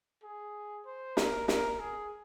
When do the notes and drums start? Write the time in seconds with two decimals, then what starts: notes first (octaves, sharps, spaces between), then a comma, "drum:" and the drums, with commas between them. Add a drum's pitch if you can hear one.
0.23 G#4
0.86 C5
1.17 A#4, drum: snare
1.48 A#4, drum: snare
1.80 G#4